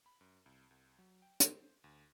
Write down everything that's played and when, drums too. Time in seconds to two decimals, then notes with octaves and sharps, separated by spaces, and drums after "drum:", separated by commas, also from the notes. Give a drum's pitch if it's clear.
0.06 B5
0.21 F#2
0.46 C2
0.71 C2
0.99 F#3
1.22 G5
1.40 C5, drum: hi-hat
1.84 D2